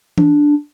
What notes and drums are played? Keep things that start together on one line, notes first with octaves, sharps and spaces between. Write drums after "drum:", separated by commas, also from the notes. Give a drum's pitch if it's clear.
D4, drum: tom E3